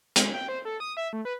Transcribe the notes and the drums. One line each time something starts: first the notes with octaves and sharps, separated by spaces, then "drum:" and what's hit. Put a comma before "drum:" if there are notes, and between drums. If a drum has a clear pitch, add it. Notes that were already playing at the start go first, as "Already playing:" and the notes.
G#3, drum: hi-hat
G5
C5
A4
D#6
E5
A3
B4